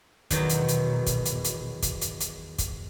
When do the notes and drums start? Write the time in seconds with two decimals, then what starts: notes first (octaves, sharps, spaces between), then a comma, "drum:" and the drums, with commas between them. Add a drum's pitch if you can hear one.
0.31 E2 B2 D#3 F#3, drum: kick, hi-hat
0.50 drum: hi-hat
0.69 drum: hi-hat
1.07 drum: kick, hi-hat
1.26 drum: hi-hat
1.45 drum: hi-hat
1.83 drum: kick, hi-hat
2.02 drum: hi-hat
2.21 drum: hi-hat
2.59 drum: kick, hi-hat